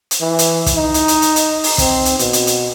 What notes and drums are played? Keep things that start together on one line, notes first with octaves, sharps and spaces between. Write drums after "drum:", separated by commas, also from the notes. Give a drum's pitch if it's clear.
drum: hi-hat
E3
drum: hi-hat
drum: kick, hi-hat
D#4
drum: hi-hat
drum: hi-hat
drum: hi-hat
drum: hi-hat
drum: open hi-hat
C4, drum: kick, hi-hat
drum: hi-hat
B2, drum: hi-hat
drum: hi-hat
drum: hi-hat